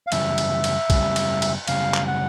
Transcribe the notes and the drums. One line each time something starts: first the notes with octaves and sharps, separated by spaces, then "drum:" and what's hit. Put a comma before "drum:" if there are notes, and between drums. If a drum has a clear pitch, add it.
F5
F#2 C#3 E3 G3 E5, drum: cymbal
drum: cymbal
drum: cymbal
F#2 C#3 G3, drum: kick, cymbal
drum: cymbal
drum: cymbal
F#2 C#3 G3 F5, drum: cymbal
drum: clap
F#5